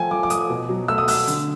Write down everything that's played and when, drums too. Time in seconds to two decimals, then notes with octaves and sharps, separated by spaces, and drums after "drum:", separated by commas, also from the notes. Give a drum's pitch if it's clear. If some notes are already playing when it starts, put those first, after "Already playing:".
Already playing: F3 A3 G5 G#5
0.11 F3 D6
0.23 D6
0.30 A3 D#6, drum: hi-hat
0.50 B2
0.69 F#3
0.88 A3 E6
0.98 D#6
1.08 A3 E6, drum: open hi-hat
1.27 D3, drum: hi-hat